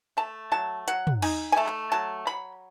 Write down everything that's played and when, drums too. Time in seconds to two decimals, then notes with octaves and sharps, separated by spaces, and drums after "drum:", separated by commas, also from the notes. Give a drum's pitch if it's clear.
0.17 A3 A5
0.52 F#3 A5
0.88 F#3 F#5, drum: hi-hat
1.07 drum: tom
1.22 D#4 G#5, drum: cymbal
1.52 G#5
1.56 A3 A5
1.66 drum: clap
1.92 F#3 A5
2.27 F#3 B5